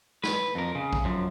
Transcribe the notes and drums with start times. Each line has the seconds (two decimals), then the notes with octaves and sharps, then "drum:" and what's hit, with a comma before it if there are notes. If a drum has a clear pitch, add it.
0.24 B4, drum: snare
0.55 F2 A#4
0.75 C#3
0.93 drum: kick A1
1.05 F#2 F3